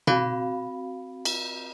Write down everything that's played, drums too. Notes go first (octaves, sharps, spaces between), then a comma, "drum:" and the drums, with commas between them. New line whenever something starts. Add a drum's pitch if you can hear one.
C4 F#4 F5 B5, drum: tom B2
drum: cymbal